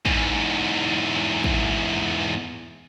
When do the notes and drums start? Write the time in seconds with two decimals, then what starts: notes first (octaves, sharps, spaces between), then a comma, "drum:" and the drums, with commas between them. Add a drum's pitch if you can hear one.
0.05 E2 G#2, drum: kick
1.44 drum: kick